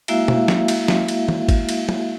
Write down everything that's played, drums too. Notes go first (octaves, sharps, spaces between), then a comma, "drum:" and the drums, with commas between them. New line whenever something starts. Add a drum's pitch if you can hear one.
G#3 A#3 E4 F#4 E5 F5, drum: cymbal
drum: tom
drum: snare
drum: cymbal
drum: snare
drum: cymbal
drum: tom
drum: kick G#1, cymbal
drum: cymbal
drum: tom